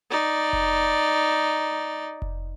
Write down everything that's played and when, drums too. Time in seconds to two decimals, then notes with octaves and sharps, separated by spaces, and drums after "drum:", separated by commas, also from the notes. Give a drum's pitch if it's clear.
0.11 D#4 D5
0.53 drum: kick F1
2.22 drum: kick F1